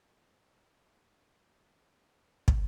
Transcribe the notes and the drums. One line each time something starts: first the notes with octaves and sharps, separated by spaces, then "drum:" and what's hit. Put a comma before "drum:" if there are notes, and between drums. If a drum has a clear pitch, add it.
G#3
A#2
A#2
A#2 A#3 D4
A#2
F3
F3 C4 D#4
drum: kick